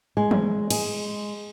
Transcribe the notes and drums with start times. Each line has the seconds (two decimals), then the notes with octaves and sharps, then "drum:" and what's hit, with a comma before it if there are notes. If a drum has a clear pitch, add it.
0.17 G#3
0.31 drum: tom E3
0.70 G#3, drum: cymbal